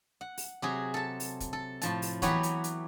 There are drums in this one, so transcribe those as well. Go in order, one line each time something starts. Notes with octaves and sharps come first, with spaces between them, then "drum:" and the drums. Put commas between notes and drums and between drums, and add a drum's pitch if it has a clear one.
F#5
drum: open hi-hat
C3 F#3 G#4
A4 A5
drum: open hi-hat
drum: kick, hi-hat
A4
A2 F3 A5, drum: hi-hat
drum: open hi-hat
E3 F#3 B3 G4 B4 C#5, drum: kick, hi-hat
drum: hi-hat
drum: hi-hat